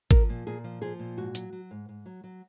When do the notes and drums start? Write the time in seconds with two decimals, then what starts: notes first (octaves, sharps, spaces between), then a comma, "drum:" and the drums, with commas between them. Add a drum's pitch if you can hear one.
0.11 F3 A#4, drum: kick
0.29 A#2
0.47 A#2 G#4
0.64 F3
0.82 F3 G#4
0.99 A#2
1.17 G#2 F#4
1.35 F#3, drum: hi-hat
1.53 F#3
1.71 G#2
1.89 G#2
2.06 F#3
2.24 F#3